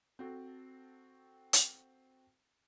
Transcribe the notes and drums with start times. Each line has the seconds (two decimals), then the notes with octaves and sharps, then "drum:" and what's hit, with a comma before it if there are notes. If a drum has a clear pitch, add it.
0.19 C4 F#4 A4
1.53 drum: hi-hat